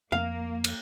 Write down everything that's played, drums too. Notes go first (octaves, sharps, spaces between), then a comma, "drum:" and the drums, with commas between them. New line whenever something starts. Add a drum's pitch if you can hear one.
F2 A#3 F5
drum: cymbal